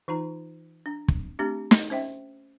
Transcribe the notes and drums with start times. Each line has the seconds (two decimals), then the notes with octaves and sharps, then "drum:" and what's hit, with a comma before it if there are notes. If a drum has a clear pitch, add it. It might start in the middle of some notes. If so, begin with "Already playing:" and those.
0.08 E3 D#4 F4 A#5
0.86 D4
1.08 drum: kick
1.39 A3 C4 D4 G4
1.71 drum: snare
1.90 C#4 C5 E5 G5